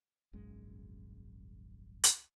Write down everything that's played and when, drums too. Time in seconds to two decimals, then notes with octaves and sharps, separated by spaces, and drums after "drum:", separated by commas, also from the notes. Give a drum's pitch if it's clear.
0.33 D#1 G#1 F#2 G#3
2.04 drum: hi-hat